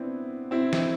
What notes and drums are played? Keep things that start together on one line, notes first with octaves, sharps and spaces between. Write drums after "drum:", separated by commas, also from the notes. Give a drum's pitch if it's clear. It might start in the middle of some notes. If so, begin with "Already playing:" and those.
Already playing: B3 C4 D4 E4
C4 E4
drum: snare